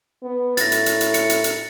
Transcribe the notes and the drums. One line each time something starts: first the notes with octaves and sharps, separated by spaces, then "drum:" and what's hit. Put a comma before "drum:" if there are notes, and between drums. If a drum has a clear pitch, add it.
B3
A2 A6 A#6, drum: hi-hat
drum: hi-hat
drum: hi-hat
drum: hi-hat
C#7, drum: hi-hat
drum: hi-hat
drum: hi-hat